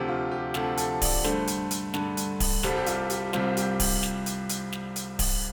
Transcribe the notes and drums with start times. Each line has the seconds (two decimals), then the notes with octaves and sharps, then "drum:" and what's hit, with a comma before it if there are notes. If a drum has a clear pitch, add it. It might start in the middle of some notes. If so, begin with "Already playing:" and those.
Already playing: D2 C3 F3 G4
0.09 F4
0.32 G4
0.54 D2 C3 F3 A4, drum: snare
0.77 A4, drum: hi-hat
1.02 D5, drum: kick D1, open hi-hat
1.24 G2 D3 A3 C5, drum: snare
1.47 drum: hi-hat
1.71 drum: hi-hat
1.94 G2 D3 A3, drum: snare
2.17 drum: hi-hat
2.40 drum: kick D1, open hi-hat
2.63 C2 C3 G3 C4 A4, drum: snare
2.77 G4
2.86 F4, drum: hi-hat
3.10 G4, drum: hi-hat
3.33 C2 C3 G3 C4 F4, drum: snare
3.57 G4, drum: hi-hat
3.80 drum: kick D1, open hi-hat
4.03 drum: snare
4.26 drum: hi-hat
4.49 drum: hi-hat
4.72 drum: snare
4.96 drum: hi-hat
5.19 drum: kick D1, open hi-hat